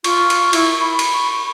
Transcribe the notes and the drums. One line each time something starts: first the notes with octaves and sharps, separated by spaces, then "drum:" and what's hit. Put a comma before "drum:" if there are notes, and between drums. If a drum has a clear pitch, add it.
F4 C#6, drum: cymbal
drum: cymbal
E4, drum: cymbal
B5
drum: cymbal
C#6